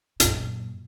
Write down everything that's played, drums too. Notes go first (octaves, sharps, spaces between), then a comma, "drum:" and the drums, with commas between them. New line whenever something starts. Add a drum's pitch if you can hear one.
F#2 A#2, drum: hi-hat